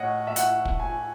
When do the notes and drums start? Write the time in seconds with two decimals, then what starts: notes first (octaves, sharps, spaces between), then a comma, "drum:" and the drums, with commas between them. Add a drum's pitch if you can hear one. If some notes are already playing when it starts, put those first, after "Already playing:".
Already playing: A2 C#5 D#5 F#5
0.27 E5
0.36 F#5, drum: hi-hat
0.65 drum: kick
0.80 G#5